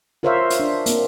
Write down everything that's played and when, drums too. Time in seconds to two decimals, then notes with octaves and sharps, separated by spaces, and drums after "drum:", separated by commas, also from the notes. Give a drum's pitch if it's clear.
0.23 F4 A#4 C5 C#5 E5 F5
0.50 drum: hi-hat
0.60 D4
0.86 A#3 C4, drum: hi-hat